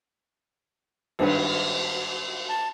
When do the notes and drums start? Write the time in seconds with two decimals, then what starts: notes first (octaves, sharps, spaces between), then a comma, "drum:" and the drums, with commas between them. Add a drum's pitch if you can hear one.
1.19 G#1 G2 B4, drum: cymbal
2.49 A5